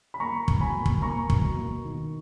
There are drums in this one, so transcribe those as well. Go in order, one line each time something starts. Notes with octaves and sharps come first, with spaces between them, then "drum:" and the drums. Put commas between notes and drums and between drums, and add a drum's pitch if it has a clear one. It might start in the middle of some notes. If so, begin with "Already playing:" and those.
B5
A#3 A#5 C#6
B2, drum: kick
G#5 B5
A#3
drum: kick
A#3 A#5 C#6
B2, drum: kick
A#3
D#3